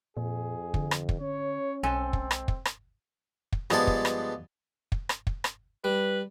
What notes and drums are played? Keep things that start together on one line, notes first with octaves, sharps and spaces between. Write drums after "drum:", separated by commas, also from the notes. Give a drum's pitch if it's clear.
F2 A#2 G#4
D3, drum: kick
drum: rim click
drum: kick
C#4 C#5
B1 G#3 C4 A4 G#5
drum: kick
drum: rim click
drum: kick
drum: rim click
drum: kick
G2 F3 G#3 B3 G#5 A5, drum: rim click
drum: kick
drum: rim click
drum: kick
drum: rim click
drum: kick
drum: rim click
G3 B4